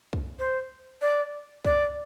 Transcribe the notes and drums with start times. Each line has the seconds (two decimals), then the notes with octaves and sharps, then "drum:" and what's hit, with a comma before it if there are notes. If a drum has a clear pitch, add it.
0.13 drum: kick
0.39 C5
1.01 D5
1.65 D5, drum: kick